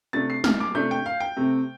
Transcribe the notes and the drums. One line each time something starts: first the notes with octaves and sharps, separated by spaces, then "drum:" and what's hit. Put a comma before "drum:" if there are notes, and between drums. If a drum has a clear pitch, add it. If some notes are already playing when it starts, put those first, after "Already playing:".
C3 A3 D4 A6
C7
F6, drum: snare
D6
C3 A3 D4 G6
G5
F5
G5
C3 A3 C4